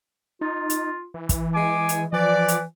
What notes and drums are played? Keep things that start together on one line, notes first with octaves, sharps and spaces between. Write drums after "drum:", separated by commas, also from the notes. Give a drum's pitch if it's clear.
D#4 F4
drum: hi-hat
E3
drum: kick, hi-hat
G#3 G#5 D6
drum: hi-hat
E3 F3 D5
drum: hi-hat